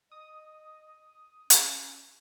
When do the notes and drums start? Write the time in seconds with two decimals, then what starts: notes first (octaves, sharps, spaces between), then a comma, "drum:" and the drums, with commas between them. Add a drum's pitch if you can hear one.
0.11 D#5 D#6
1.50 C#4, drum: hi-hat